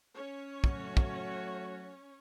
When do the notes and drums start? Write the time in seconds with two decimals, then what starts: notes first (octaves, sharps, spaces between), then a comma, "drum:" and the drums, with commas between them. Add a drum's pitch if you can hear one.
0.15 C#4 C#5
0.64 F#3 A3 F#4, drum: kick
0.97 drum: kick